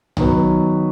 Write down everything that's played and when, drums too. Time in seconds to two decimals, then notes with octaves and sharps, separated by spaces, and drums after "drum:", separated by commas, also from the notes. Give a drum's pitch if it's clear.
0.17 D#3 F#3 B3, drum: tom